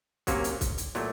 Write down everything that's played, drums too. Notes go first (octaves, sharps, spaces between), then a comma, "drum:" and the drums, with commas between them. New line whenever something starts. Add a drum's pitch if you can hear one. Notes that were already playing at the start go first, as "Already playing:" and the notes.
C3 F#3 A#3 C#4, drum: kick, hi-hat
drum: hi-hat
drum: kick, hi-hat
drum: hi-hat
A#2 F#3 A3, drum: snare